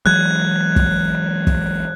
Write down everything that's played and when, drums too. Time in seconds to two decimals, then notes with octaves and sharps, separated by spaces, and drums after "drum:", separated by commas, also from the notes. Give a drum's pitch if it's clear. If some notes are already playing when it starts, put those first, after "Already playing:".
0.06 E3 F#3 G#3 F#6 G#6
0.76 drum: kick
1.47 drum: kick